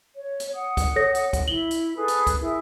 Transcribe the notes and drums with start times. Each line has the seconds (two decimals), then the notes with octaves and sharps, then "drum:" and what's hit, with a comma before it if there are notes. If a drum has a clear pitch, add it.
0.14 C#5
0.40 drum: hi-hat
0.54 F#5 D#6
0.77 drum: kick, hi-hat
0.96 A4 C#5 A#6
1.15 drum: hi-hat
1.33 drum: kick, hi-hat
1.48 E4 F#7 G7
1.71 drum: hi-hat
1.95 G#4 A4 B4
2.08 drum: hi-hat
2.27 drum: kick, hi-hat
2.39 E4 G#4 A#4